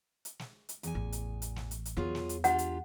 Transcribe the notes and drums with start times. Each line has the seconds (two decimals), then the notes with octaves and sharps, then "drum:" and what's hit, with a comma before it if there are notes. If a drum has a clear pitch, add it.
0.25 drum: hi-hat
0.39 drum: snare
0.69 drum: hi-hat
0.83 E2 G#5, drum: hi-hat
0.95 A1
1.12 drum: hi-hat
1.42 drum: hi-hat
1.56 drum: snare
1.71 drum: hi-hat
1.85 drum: hi-hat
1.97 E2 F#3 F4 G#4
2.15 drum: snare
2.29 drum: hi-hat
2.44 D4 F4 G4 F#5, drum: hi-hat
2.58 drum: hi-hat